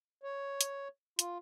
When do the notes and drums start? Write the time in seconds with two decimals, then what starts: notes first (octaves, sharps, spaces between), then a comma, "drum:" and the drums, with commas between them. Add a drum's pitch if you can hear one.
0.23 C#5
0.61 drum: hi-hat
1.19 F4, drum: hi-hat